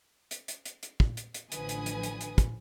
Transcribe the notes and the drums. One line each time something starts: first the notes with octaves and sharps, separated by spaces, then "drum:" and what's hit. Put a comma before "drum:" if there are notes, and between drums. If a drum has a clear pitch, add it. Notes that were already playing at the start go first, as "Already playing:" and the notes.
drum: hi-hat
drum: hi-hat
drum: hi-hat
drum: hi-hat
drum: kick
drum: hi-hat
drum: hi-hat
A1 D3 F3 B4 G#5 D#6, drum: hi-hat
drum: hi-hat
drum: hi-hat
drum: hi-hat
drum: hi-hat
drum: kick, hi-hat